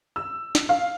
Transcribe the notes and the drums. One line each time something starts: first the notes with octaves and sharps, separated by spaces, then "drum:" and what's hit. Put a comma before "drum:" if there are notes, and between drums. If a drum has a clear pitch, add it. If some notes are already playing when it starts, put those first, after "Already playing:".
E6
drum: snare
F5